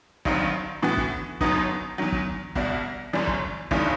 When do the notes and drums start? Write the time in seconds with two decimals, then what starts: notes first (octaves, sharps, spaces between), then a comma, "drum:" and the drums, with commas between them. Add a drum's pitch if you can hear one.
0.25 A1 G2 D#3 F#3 C4, drum: kick
0.83 A2 E3 B3 F#4
0.97 drum: kick
1.41 G1 F#2 F#3 B3 D#4, drum: kick
1.98 E2 D#3 F#3
2.12 drum: kick
2.55 C2 B2 G3, drum: kick
3.13 G1 F#2 E3 G3
3.27 drum: kick
3.71 G1 G2 E3 G3 D#4, drum: kick